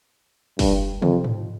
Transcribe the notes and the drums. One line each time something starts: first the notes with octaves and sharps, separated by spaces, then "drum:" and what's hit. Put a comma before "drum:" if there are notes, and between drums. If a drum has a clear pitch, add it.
G2, drum: kick, open hi-hat
F2, drum: tom
drum: tom G#2